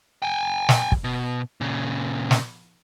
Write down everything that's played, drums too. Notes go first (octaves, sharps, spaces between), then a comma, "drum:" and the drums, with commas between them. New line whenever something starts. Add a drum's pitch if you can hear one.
G5 G#5
drum: snare
drum: kick
B2
A#2 C#3
drum: snare